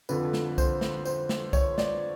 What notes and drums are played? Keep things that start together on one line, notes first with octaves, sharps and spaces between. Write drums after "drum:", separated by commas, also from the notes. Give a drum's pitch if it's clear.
F2 D3 F3 B4, drum: tambourine
drum: snare
C5, drum: kick C2, tambourine
drum: snare
C5, drum: tambourine
drum: snare
C#5, drum: kick C2, tambourine
D5, drum: snare